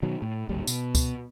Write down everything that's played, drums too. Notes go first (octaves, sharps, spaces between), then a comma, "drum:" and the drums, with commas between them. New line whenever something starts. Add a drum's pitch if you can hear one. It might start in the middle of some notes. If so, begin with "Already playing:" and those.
B2 D#3 F#3
A2
D1 G#1 D#2 G3
B2, drum: tambourine
drum: kick, tambourine